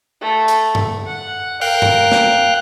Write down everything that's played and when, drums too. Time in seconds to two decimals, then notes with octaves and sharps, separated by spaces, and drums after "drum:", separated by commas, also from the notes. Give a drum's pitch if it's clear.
0.21 A3
0.48 drum: hi-hat
0.75 drum: tom F#2
1.06 F#5
1.61 A#4 F5 G5 F#6, drum: open hi-hat
1.82 drum: tom F#2
2.12 drum: snare